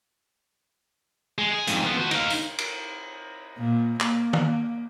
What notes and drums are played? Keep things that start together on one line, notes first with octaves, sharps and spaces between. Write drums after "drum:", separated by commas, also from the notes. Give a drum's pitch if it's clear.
G#3
G#4
F2 G#2, drum: hi-hat
F3 B3
F#4 C5
D#4 F5, drum: cymbal
drum: tambourine
drum: cymbal
A#2
A#3, drum: clap
drum: tom